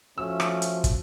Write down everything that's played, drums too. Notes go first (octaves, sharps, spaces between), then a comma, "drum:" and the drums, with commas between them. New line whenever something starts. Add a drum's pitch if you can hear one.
F3 A3 C#4 F#4 E6
drum: rim click
drum: hi-hat
drum: kick, hi-hat